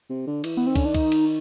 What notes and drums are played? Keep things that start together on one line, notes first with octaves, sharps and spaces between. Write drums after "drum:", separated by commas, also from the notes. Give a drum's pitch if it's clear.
C3
D3
E3, drum: cymbal
B3
D#3 C4
D3 C#4, drum: kick, cymbal
D#3 D4
D#4, drum: kick, cymbal
drum: cymbal